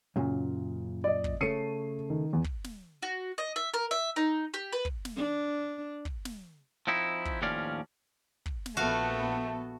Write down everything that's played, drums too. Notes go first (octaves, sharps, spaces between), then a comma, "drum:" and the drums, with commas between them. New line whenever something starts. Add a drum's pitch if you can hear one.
F#2 A#2 C#3
D5 D#5
drum: kick
C#3 A3 C7 C#7 D#7
D#3
E2
drum: kick
drum: snare
F#4
D#5
E5
A#4
E5
D#4
G4
B4
drum: kick
drum: snare
D4
drum: kick
drum: snare
F3 C4 D#4 E4
drum: kick
D#2 A2 F3 C#4 D5 F5
drum: kick
drum: snare
A#1 A3 B3 F#4 A4 F5